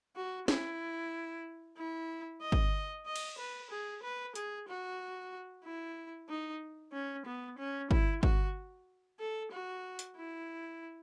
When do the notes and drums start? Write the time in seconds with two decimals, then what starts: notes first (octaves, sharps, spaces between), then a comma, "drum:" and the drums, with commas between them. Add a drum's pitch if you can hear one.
0.16 F#4
0.48 E4, drum: snare
1.78 E4
2.41 D#5
2.52 drum: kick
3.06 D#5
3.16 drum: cymbal
3.38 B4
3.71 G#4
4.03 B4
4.35 G#4, drum: hi-hat
4.68 F#4
5.64 E4
6.29 D#4
6.93 C#4
7.26 B3
7.58 C#4
7.91 E4, drum: kick
8.23 F#4, drum: kick
9.20 A4
9.52 F#4
9.99 drum: hi-hat
10.17 E4